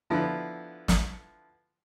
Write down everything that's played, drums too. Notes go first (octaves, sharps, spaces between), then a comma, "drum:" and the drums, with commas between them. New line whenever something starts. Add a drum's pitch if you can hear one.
D3 F3 B3 E4
drum: snare